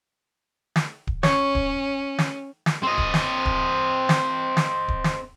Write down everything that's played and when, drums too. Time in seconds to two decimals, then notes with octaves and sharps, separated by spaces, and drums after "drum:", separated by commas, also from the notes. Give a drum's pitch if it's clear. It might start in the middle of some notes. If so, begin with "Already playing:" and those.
0.76 drum: snare
1.07 drum: kick D1
1.23 C#4 C#5, drum: snare
1.55 drum: kick D1
2.18 drum: snare
2.66 drum: snare
2.83 C4 D#5
2.98 drum: kick D1
3.14 drum: snare
3.45 drum: kick D1
4.09 drum: snare
4.57 drum: snare
4.88 drum: kick D1
5.04 drum: snare